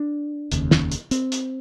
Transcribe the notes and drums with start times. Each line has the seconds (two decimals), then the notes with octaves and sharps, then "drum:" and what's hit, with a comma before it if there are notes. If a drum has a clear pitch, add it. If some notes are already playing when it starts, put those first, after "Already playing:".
Already playing: D4
0.51 F1 D#2 C#3, drum: hi-hat
0.71 drum: snare
0.91 drum: hi-hat
1.11 C4, drum: hi-hat
1.32 drum: hi-hat